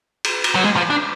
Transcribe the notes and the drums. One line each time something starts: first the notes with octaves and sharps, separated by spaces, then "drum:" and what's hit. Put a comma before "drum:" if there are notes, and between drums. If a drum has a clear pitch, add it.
drum: cymbal
drum: cymbal
F#3
G#3
F3
D4